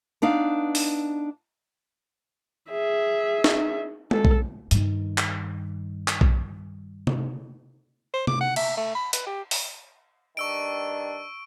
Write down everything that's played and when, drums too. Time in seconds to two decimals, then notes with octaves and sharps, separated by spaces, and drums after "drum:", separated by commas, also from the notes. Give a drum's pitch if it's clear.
0.22 B3 D4 D#4 F5
0.75 drum: open hi-hat
2.71 G#4 E5
3.44 drum: snare
4.11 A4, drum: tom G#3
4.25 drum: kick B1
4.71 G2 D#3, drum: hi-hat
5.18 drum: clap
6.08 drum: clap
6.21 drum: kick B1
7.07 drum: tom C3
8.14 C5
8.27 D6, drum: tom C3
8.41 F#5
8.56 E5, drum: cymbal
8.77 A3
8.95 B5
9.13 B4, drum: hi-hat
9.27 G4
9.51 drum: open hi-hat
10.37 G2 D#3 D4 C#6 E6 D7